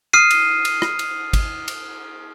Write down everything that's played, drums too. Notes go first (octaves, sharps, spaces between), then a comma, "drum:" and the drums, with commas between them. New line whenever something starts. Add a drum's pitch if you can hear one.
D#6 F6 C7 D#7
drum: cymbal
drum: cymbal
drum: rim click
drum: cymbal
drum: kick, cymbal
drum: cymbal